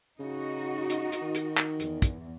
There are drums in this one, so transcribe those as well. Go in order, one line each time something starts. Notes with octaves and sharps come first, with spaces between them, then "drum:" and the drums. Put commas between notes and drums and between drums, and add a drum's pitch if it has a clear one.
C#3 D#4 F#4
drum: hi-hat
drum: hi-hat
D#3
drum: hi-hat
drum: clap
E2, drum: hi-hat
drum: kick, hi-hat